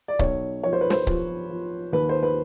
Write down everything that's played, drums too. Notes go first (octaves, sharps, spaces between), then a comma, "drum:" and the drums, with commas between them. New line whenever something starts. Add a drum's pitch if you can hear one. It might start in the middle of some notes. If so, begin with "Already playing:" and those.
D5
B1 C#5, drum: kick C#1
F3 C#5
C5
B4
C5, drum: snare
F3, drum: kick C#1
F3
D#2 B4
C5
B4